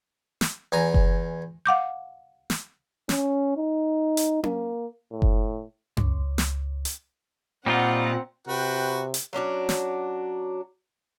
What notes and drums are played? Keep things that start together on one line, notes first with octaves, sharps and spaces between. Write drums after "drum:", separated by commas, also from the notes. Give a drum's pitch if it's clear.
drum: snare
E2 G#5 A#5
drum: kick F#1
F5 F#5 D6 G6
drum: snare
C#4, drum: snare
D#4
drum: hi-hat
A#3, drum: tom C#4
A2
drum: kick F#1
C#2, drum: tom F#2
drum: snare
drum: hi-hat
A#2 G3 C4 D#4 F4 F#5
C3 F#4 B4 G5
drum: hi-hat
F#3 C#4 D4 F#4
drum: snare